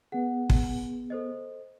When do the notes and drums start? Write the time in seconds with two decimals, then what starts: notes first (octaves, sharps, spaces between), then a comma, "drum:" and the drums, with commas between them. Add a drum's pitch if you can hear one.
0.12 B3 G#4 F#5
0.50 drum: kick
1.10 A4 C5 D#5